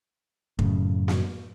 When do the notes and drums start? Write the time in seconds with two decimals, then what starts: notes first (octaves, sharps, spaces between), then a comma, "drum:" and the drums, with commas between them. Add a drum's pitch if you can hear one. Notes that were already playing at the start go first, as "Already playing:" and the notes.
0.59 F#2 A2 C#3, drum: kick F1
1.08 drum: snare